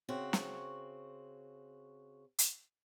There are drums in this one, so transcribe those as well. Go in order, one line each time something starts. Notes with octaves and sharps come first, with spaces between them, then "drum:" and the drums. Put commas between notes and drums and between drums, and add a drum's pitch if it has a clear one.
C#3 C4 F#4
drum: snare
drum: hi-hat